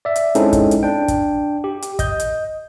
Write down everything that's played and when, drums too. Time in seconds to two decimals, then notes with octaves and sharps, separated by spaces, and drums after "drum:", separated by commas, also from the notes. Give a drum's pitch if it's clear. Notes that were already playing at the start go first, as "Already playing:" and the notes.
0.05 D5 E5
0.16 drum: hi-hat
0.35 G#3 C4 C#4 D#4 E4 A4, drum: hi-hat
0.53 drum: kick, hi-hat
0.71 drum: hi-hat
0.83 D4 G5
1.08 drum: kick, hi-hat
1.64 G4
1.82 drum: hi-hat
1.99 D#5 G6, drum: kick, hi-hat
2.20 drum: hi-hat